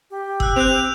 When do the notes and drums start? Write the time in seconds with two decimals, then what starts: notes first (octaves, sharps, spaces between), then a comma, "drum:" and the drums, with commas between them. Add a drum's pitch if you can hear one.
0.10 G4
0.40 E6 F#6, drum: kick G1
0.56 C4 F#6 G6 F7